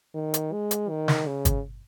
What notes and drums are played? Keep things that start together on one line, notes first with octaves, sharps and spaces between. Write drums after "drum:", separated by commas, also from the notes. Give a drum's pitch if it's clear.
D#3
drum: hi-hat
G#3
drum: hi-hat
D#3
drum: snare
C#3
drum: kick, hi-hat